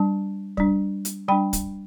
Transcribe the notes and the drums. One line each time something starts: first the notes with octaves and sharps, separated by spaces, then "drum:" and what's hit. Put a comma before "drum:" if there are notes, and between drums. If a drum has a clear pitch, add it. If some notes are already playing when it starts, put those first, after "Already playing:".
Already playing: G3 D4 A5
G3 D4, drum: kick
drum: hi-hat
G3 D4 G5 B5
drum: kick, hi-hat